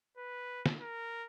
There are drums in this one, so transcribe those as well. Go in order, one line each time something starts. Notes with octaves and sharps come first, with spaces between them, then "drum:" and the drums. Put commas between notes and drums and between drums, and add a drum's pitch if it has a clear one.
B4
drum: snare
A#4